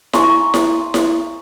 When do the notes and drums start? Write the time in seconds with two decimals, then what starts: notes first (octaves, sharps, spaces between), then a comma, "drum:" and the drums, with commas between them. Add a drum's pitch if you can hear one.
0.13 G#5 A#5 C6 C#6, drum: snare E4
0.54 drum: snare E4
0.94 drum: snare E4